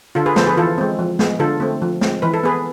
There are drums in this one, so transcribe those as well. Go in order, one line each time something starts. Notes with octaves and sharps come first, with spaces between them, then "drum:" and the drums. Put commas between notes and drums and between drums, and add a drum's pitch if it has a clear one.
D3 F4 A4
G#4 B4
F3 B3 A4 C5, drum: snare
G#4 B4
E3 F4 A4
G#3 C4
F3
G#3 B3, drum: snare
D3 F4 A4
A3 C4
F3
G#3 C4, drum: snare
E3 B4
A4
B3 G#4 B4